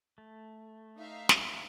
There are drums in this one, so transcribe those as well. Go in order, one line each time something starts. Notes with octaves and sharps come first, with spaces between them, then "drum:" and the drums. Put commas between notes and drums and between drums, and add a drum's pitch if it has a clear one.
A3
D#4 E5 F5
drum: snare